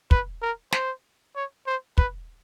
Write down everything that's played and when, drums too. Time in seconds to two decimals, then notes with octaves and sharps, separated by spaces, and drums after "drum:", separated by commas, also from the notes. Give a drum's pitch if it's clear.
0.11 B4, drum: kick
0.42 A#4
0.73 C5, drum: snare
1.36 C#5
1.67 C5
1.98 B4, drum: kick